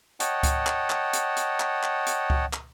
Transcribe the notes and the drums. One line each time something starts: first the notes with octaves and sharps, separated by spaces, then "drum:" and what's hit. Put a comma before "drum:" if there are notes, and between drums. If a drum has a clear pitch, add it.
C#5 D#5 F#5 G5 A5, drum: hi-hat
drum: kick C#2, hi-hat
drum: clap
drum: clap
drum: hi-hat
drum: hi-hat
drum: clap
drum: clap
drum: hi-hat
drum: kick C#2
drum: clap